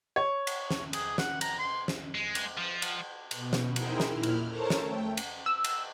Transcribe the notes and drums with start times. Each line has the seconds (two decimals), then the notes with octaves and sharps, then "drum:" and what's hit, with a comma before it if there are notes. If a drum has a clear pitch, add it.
0.16 C#5
0.47 drum: cymbal
0.71 drum: snare
0.93 G#4, drum: cymbal
1.18 F#5, drum: snare
1.41 A#5, drum: cymbal
1.59 C6
1.88 drum: snare
2.15 G#3
2.35 drum: cymbal
2.58 F3
2.82 drum: cymbal
3.31 B2, drum: cymbal
3.53 drum: snare
3.76 D#4 E4 G#4 A#4 C5 G5, drum: cymbal
4.00 drum: snare
4.11 A#2 E4 F6
4.23 drum: cymbal
4.48 A4 A#4 C5 C#5 A5 A#5
4.70 drum: snare
4.81 A3 G5
5.17 drum: cymbal
5.46 E6
5.64 drum: cymbal